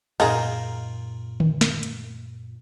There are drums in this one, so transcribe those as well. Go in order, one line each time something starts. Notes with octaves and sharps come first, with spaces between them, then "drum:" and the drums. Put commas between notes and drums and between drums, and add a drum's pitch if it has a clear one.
F#2 A#2 D#4 F4 G#4 A#4 C5, drum: cymbal
drum: tom D3
drum: snare
drum: hi-hat